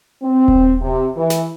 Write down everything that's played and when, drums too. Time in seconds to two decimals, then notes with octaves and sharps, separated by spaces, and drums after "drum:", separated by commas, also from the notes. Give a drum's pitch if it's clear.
0.22 C4
0.48 drum: kick D#1
0.81 C3
1.16 E3
1.30 drum: snare